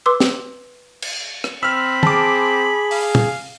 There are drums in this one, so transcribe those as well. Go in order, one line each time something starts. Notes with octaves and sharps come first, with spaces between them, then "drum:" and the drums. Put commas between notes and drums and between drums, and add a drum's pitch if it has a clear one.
B4 C6 D6 E6
drum: snare
drum: cymbal
drum: rim click
C4 B5 E6 F6
G#4 A5 D6, drum: tom
F5, drum: open hi-hat
drum: tom